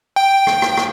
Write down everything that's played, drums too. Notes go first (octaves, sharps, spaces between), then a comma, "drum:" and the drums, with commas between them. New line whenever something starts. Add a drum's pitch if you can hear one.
G5
drum: rim click
drum: rim click
drum: rim click